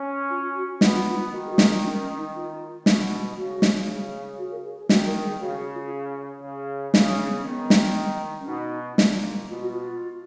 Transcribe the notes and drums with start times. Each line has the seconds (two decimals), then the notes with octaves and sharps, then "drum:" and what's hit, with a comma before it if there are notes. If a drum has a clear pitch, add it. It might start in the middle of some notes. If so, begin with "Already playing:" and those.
Already playing: C#4
0.30 F4
0.55 F#4
0.81 B3 F4, drum: snare
0.94 F#4
0.98 F4
1.09 F4
1.15 D#4
1.32 D#3 F#4
1.46 G#4
1.52 F#4
1.58 G#4, drum: snare
1.71 F4
1.84 C#4
2.01 C#4
2.17 D#4
2.35 F4
2.86 B2, drum: snare
3.36 C#3 F#4
3.62 drum: snare
4.38 F#4
4.51 A#4
4.64 G#4
4.77 G#4
4.89 D#3 F#4, drum: snare
5.07 A#4
5.24 G#4
5.40 C#3 F#4
5.58 G#4
5.74 F4
6.42 C#3
6.94 C#3 D#4, drum: snare
7.11 C#4
7.27 B3
7.38 C#4
7.45 D#3 B3
7.70 drum: snare
8.40 C#4
8.46 B2 D#4
8.98 A#2, drum: snare
9.49 B2 F4
9.59 F#4
9.69 F4